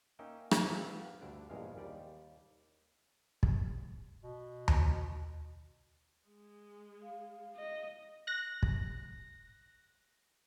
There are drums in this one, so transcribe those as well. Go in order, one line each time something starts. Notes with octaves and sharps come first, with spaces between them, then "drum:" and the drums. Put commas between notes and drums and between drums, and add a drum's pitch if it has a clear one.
A#3 C#4 D#4 E5 G5
drum: rim click
F3 A3 B3 C4 E4
F4 G4 B4 F5 F#5
D2 G2 D3 D4 D5
A#1 E2 G2 G#3 F5
D#2 G3 D5
drum: kick
B2
drum: tom D#2
G#3
F5
D#5
F#6 A#6
drum: kick